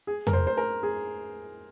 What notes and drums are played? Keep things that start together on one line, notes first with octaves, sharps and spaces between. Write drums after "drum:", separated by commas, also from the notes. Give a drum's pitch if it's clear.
G#4
A#4, drum: tom
C5
C5
A#4
G#4